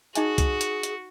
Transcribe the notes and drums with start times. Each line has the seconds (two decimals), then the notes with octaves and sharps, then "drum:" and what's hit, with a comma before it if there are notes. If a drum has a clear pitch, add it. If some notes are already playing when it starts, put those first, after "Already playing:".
0.15 D#4 F#4 G#4 D#5 G#5, drum: hi-hat
0.38 drum: kick C2, hi-hat
0.61 drum: hi-hat
0.83 drum: hi-hat